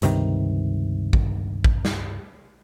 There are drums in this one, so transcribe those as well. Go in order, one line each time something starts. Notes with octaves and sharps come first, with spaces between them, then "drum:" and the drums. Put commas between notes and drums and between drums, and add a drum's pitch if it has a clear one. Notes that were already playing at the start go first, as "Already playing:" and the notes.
C#2 G2 C3 D#3, drum: hi-hat
drum: kick A1
drum: kick A1
drum: snare